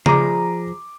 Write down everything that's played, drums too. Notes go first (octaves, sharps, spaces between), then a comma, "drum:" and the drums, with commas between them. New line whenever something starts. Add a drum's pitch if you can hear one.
F3 G#4 A#5 D6, drum: tom C#3